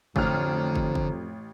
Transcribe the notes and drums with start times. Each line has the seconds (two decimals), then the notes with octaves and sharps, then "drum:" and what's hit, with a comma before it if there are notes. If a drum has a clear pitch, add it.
0.16 A1 F2 D3 C5 A#5 F6, drum: kick
0.75 drum: kick
0.95 drum: kick